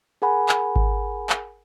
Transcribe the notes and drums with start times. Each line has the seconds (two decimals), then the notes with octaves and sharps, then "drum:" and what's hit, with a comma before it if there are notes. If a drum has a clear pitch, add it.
0.22 G#4 A#4 F#5 G#5 B5
0.49 drum: clap
0.76 drum: kick G#1
1.30 drum: clap